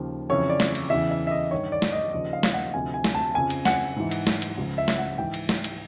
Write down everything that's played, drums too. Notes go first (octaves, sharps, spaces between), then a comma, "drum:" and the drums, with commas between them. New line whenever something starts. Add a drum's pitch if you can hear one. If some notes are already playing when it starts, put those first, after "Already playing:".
Already playing: D#2 C#3 F3
F2 C#3 E3 C#5
D5
drum: snare
drum: cymbal
E2 C#3 E3 E5
E5
E5
D#5
G2 D#3 C#5
D5
drum: snare
D#5
D#2 C#3 F3 D#5
F5
drum: snare
F#5
D2 C3 F3 G#5
G#5
drum: snare
A5
F2 C#3 F3 G#5
drum: cymbal
F#5, drum: snare
G#2 E3
drum: cymbal
drum: snare
drum: cymbal
C#2 C#3 F3
E5
drum: snare
F#5
G#2 E3 G5
drum: cymbal
drum: snare
drum: cymbal